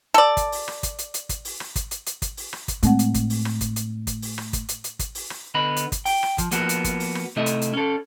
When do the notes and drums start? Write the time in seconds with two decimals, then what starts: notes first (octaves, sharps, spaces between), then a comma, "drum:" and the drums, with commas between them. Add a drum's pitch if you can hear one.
0.14 A4 D5
0.37 drum: kick, hi-hat
0.52 drum: open hi-hat
0.68 drum: rim click
0.83 drum: kick, hi-hat
0.98 drum: hi-hat
1.14 drum: hi-hat
1.29 drum: kick, hi-hat
1.45 drum: open hi-hat
1.60 drum: rim click
1.76 drum: kick, hi-hat
1.91 drum: hi-hat
2.06 drum: hi-hat
2.22 drum: kick, hi-hat
2.37 drum: open hi-hat
2.53 drum: rim click
2.68 drum: kick, hi-hat
2.83 A2 G#3 C4 F#5, drum: hi-hat
2.99 drum: hi-hat
3.14 drum: kick, hi-hat
3.30 drum: open hi-hat
3.45 drum: rim click
3.61 drum: kick, hi-hat
3.76 drum: hi-hat
4.07 drum: kick, hi-hat
4.22 drum: open hi-hat
4.38 drum: rim click
4.53 drum: kick, hi-hat
4.69 drum: hi-hat
4.84 drum: hi-hat
4.99 drum: kick, hi-hat
5.15 drum: open hi-hat
5.30 drum: rim click
5.54 D3 B3 D#5 B5
5.76 drum: hi-hat
5.92 drum: kick, hi-hat
6.05 G5, drum: open hi-hat
6.23 drum: rim click
6.38 F3, drum: kick, hi-hat
6.51 F3 A#3 B3 F#4, drum: hi-hat
6.69 drum: hi-hat
6.84 drum: kick, hi-hat
7.00 drum: open hi-hat
7.15 drum: rim click
7.36 C3 A3 E4 A4 D#5 E5
7.46 drum: hi-hat
7.62 drum: hi-hat
7.74 C#4 A4